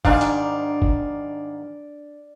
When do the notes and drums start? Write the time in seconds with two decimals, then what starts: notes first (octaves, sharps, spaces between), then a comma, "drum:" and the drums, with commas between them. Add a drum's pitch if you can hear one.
0.05 G#2 D#3 G3 D4 F5 G#5, drum: kick
0.21 drum: hi-hat
0.82 drum: kick